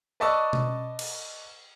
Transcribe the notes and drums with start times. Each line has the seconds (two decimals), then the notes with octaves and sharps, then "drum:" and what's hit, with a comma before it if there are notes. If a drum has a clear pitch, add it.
0.20 B4 D5 D#5 A5 C#6 E6
0.53 drum: tom B2
0.99 drum: cymbal